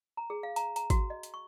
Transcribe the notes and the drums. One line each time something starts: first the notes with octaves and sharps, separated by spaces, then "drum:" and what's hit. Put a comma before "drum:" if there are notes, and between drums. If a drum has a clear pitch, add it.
A#5
G#4
F5
A#5, drum: hi-hat
A#5, drum: hi-hat
F#4, drum: kick G#1, hi-hat
D#5
drum: hi-hat
C#6